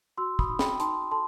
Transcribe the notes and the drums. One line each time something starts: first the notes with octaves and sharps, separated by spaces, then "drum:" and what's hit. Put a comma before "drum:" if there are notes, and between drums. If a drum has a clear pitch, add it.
F#4 C6 E6
B5 D#6, drum: kick
D#4
G5 B5, drum: snare
D#4 A5 C6, drum: hi-hat
A4 A5 C6